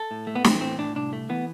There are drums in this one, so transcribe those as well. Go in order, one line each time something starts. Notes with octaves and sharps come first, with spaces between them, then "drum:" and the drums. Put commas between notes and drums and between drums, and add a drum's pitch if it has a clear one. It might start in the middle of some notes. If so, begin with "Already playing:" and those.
Already playing: A4
A2
A3
B3
E3 C4, drum: snare
A2 C4
A2 D4
C2 D4
A3
E3 B3